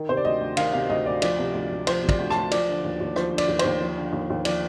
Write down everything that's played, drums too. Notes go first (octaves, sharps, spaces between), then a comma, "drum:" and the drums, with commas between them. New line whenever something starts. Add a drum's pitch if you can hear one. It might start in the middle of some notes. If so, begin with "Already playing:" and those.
Already playing: D#3
C3 C5
D5
D2 D#5
D2
D#3 F5, drum: cymbal
C3 F5
D2 D#5
D2 D5
F3 D5, drum: cymbal
C3
D2
D2
F3 C5, drum: cymbal
C3
D5, drum: kick, cymbal
D2
A5, drum: rim click
D2
F3 D5, drum: cymbal
D3
D#2
D#2
F3 C5, drum: rim click
D3
D5, drum: cymbal
D#2
D#2 C5, drum: cymbal
F3
D3
D#2
D#2
F3 D5, drum: cymbal